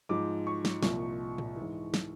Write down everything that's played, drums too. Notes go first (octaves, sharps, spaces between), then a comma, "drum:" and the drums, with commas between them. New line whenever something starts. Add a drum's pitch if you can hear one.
G#2 F3 D6
C#6
drum: snare
C2 A#2 F3 C#6, drum: snare
drum: tom A2
G#2 E3
drum: snare